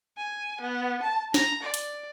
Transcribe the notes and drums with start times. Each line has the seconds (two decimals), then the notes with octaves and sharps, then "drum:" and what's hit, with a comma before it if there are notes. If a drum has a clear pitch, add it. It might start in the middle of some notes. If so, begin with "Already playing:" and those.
0.17 G#5
0.61 B3
1.03 A5
1.34 A#5, drum: snare
1.63 D5
1.74 drum: hi-hat